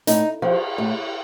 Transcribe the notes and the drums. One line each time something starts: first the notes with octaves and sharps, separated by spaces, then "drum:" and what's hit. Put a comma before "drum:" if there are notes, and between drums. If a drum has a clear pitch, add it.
A2 D#4, drum: hi-hat
F3, drum: cymbal
A2